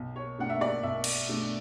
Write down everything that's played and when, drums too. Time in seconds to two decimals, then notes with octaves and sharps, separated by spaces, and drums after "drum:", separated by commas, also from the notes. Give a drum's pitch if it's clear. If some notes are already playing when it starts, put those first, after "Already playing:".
Already playing: B1
0.16 C#5
0.38 B2 A3 D4 F#5
0.50 E5
0.61 D5
0.83 B1 E5
1.04 drum: cymbal
1.28 B2 A3 D4